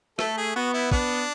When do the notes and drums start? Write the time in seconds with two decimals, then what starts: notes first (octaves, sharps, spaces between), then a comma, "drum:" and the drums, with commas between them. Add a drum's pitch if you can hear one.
0.19 A3 A4, drum: rim click
0.37 G#4
0.56 B3 F#4
0.74 E4
0.92 B3 D4, drum: kick